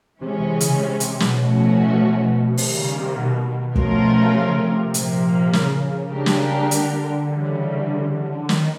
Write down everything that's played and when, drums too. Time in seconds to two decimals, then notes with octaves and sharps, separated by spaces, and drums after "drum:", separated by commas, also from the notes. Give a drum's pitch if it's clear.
0.21 C3 E3 G#3 C#4
0.40 C3
0.60 C#3, drum: hi-hat
0.81 C3
1.00 C3, drum: hi-hat
1.20 B2, drum: snare
1.40 A2 F3 A3 C#4 F#4
2.57 C3 D#3 G3 A#3, drum: open hi-hat
2.77 C#3
2.98 C3
3.17 B2
3.75 F3 A3 C#4 F4 A#4, drum: kick
4.35 C3
4.47 C#3
4.60 C3
4.94 A#2 F3 A#3, drum: hi-hat
5.53 C#3, drum: snare
6.12 G3 A#3 D4 G4 A#4
6.26 drum: snare
6.71 D3, drum: hi-hat
7.30 C#3 E3 G3
8.49 D#3, drum: snare